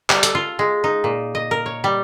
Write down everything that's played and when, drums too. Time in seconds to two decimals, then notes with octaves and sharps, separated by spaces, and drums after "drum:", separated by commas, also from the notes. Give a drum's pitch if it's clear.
0.10 G3, drum: clap
0.23 A4, drum: hi-hat
0.35 F4
0.59 G#3
0.84 D#4
1.04 A#2
1.35 D#5
1.51 A#4
1.66 C#5
1.84 G3